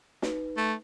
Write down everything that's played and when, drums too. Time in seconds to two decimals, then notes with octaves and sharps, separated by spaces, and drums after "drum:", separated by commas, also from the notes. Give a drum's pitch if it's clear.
0.22 D#4 B4, drum: snare
0.58 A3